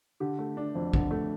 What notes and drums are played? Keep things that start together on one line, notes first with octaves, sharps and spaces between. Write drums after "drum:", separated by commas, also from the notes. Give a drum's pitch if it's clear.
D3 G4
A3
D4
F2
D3, drum: kick
A3